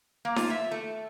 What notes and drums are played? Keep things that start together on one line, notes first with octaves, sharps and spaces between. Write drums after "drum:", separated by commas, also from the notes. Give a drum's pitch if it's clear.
A#3
F4, drum: snare D#4
E5
A3